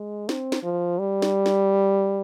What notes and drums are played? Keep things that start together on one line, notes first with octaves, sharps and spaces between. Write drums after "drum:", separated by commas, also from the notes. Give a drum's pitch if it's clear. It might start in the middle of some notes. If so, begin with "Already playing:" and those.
Already playing: G#3
C4, drum: snare
drum: snare
F3
G3
drum: snare
drum: snare